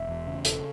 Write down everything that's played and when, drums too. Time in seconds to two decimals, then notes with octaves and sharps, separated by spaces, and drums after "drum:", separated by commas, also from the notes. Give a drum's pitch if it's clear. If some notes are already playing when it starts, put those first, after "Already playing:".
Already playing: E1 E5
0.09 E2
0.27 C#3
0.45 E1 A4, drum: hi-hat